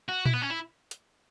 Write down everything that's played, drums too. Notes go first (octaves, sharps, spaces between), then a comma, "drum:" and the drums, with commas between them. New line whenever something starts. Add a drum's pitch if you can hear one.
F#4
E4, drum: tom A#2
B3
C#4
E4
drum: hi-hat